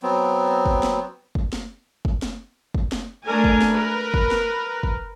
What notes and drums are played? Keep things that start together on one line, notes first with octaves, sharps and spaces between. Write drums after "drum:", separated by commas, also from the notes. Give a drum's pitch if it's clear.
F#3 B3 C4
drum: kick
drum: snare
drum: kick
drum: snare
drum: kick
drum: snare
drum: kick
drum: snare
A3 D4 A#4 G#5
drum: kick
drum: snare
A#4 B4
drum: kick
drum: snare
drum: kick